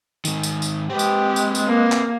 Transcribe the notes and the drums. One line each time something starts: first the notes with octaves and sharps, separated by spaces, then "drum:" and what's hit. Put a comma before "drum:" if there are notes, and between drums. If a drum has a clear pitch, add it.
G#2 D#3, drum: tambourine
drum: tambourine
drum: tambourine
G#3 C4 G4 B4
drum: tambourine
drum: tambourine
drum: tambourine
A#3
drum: clap